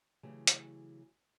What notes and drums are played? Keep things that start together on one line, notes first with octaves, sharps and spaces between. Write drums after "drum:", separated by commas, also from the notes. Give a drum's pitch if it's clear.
C#3 E3 F#3 A3 G4 G#4
drum: hi-hat